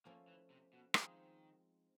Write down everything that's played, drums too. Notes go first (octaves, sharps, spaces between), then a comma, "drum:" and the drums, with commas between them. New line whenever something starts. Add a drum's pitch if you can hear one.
F3 A3 A#3 C#4 F4 A4
E3
C3
B2
D#3 F3 G#3 C4 D#4 G#4, drum: rim click